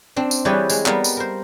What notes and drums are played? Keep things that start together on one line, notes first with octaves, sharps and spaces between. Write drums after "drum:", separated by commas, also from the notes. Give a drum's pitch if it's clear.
C4 D4
drum: tambourine
E3 G3 G4 G#4 B4 C#5
G#3, drum: tambourine
G3 B3 A#4 F5, drum: clap
drum: tambourine
A#4 C5